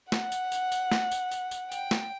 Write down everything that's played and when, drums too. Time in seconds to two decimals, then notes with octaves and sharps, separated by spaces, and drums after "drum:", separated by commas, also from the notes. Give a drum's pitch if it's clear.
0.12 F#5, drum: snare
0.32 drum: tambourine
0.52 drum: tambourine
0.72 drum: tambourine
0.92 drum: snare
1.11 drum: tambourine
1.31 drum: tambourine
1.51 drum: tambourine
1.72 G5, drum: tambourine
1.91 drum: snare